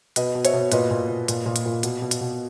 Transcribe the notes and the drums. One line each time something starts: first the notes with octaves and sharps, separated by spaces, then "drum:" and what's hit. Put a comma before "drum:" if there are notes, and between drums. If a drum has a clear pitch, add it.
B2 B4 D#5, drum: hi-hat
B2
C#5 E5, drum: hi-hat
B2
A#2 B4 D#5, drum: hi-hat
A#2
A#2
A#2, drum: hi-hat
A#2
drum: hi-hat
A#2
B2, drum: hi-hat
B2
drum: hi-hat
B2